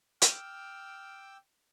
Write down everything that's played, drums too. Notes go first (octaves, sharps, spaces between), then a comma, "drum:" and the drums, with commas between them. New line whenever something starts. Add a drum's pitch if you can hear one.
G5 D6 E6 F6, drum: hi-hat